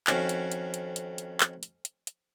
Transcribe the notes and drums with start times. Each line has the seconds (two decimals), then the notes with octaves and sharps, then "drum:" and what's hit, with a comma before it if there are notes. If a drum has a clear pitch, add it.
0.07 F2 D#3 C#4 F#4 F5, drum: clap
0.29 drum: hi-hat
0.52 drum: hi-hat
0.74 drum: hi-hat
0.96 drum: hi-hat
1.18 drum: hi-hat
1.40 drum: clap
1.63 drum: hi-hat
1.85 drum: hi-hat
2.07 drum: hi-hat